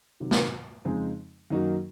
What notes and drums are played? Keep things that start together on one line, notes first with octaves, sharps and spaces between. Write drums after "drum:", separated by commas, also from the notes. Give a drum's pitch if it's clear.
C3 D#3 F#3
drum: snare
F2 C#3 G#3 C4 D#4
F#2 D#3 A#3 D#4 F#4